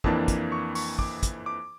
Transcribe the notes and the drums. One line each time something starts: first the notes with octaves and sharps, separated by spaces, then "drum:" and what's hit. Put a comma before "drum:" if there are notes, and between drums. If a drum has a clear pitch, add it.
F2 E3 A#3 D4 A5, drum: kick
drum: kick, hi-hat
C#6
C#6, drum: open hi-hat
D6, drum: kick
drum: kick, hi-hat
D6